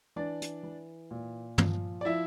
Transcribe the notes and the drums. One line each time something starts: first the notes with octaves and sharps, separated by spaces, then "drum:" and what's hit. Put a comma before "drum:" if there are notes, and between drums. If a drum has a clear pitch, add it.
E3 D4 D5
drum: hi-hat
E3
A#2
F3, drum: tom
D5
F3 E4 E5